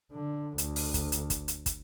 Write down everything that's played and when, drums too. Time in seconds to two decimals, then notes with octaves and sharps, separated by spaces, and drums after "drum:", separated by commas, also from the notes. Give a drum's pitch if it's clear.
0.12 D3
0.58 D2, drum: hi-hat
0.76 drum: open hi-hat
0.94 drum: kick, hi-hat
1.12 drum: hi-hat
1.30 drum: kick, hi-hat
1.48 drum: hi-hat
1.66 drum: kick, hi-hat